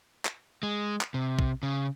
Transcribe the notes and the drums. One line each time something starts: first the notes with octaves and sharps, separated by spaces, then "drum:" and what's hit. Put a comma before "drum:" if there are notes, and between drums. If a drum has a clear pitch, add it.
drum: clap
G#3
drum: clap
C3
drum: kick
C#3